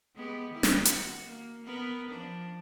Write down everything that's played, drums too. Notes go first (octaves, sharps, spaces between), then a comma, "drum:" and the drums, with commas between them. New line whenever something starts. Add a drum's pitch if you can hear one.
G#3 B3 G4
D#3 E4
drum: snare
F#4, drum: hi-hat
A#3
B3 A#4 B4
F3 D4